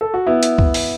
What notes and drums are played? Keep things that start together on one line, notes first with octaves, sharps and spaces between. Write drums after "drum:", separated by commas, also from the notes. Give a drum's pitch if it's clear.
A4
F#4
B3 E4
drum: hi-hat
drum: kick
drum: open hi-hat